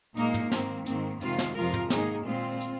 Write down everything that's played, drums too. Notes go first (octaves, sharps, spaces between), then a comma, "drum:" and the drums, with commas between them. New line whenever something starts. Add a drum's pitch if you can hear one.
A#2 G#3 A#3 D#4, drum: hi-hat
drum: tom
G#2 D#3 A#3 C4, drum: snare
G#2 D#3 A#3 C4, drum: hi-hat
F2 C3 D#3 G#3 C4 F4, drum: hi-hat
drum: snare
F2 C3 F3 G#3 F4 A#4
drum: tom
G#2 D#3 A#3 D#4 G#4, drum: snare
A#2 G#3 C4 F4
drum: hi-hat